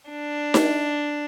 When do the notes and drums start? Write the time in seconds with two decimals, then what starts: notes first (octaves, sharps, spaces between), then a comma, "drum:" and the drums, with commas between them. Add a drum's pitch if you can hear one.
0.10 D4
0.54 drum: snare D#4